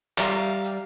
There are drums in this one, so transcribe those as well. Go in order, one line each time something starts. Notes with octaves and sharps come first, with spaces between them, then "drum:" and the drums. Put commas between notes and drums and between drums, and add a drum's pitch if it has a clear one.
G3 E5 F5 A#5 A#6, drum: clap
drum: tambourine